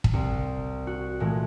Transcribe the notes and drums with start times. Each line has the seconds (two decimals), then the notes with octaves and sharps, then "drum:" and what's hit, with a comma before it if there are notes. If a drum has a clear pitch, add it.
0.04 drum: kick
0.13 C2
0.87 F#4
1.20 A#2 E3 G#3 A3